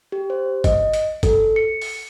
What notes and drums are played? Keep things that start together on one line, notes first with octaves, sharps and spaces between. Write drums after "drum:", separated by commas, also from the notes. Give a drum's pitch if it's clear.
G4
C5
D#5, drum: kick G1, hi-hat
drum: hi-hat
A4, drum: kick G1, hi-hat
C#7
drum: open hi-hat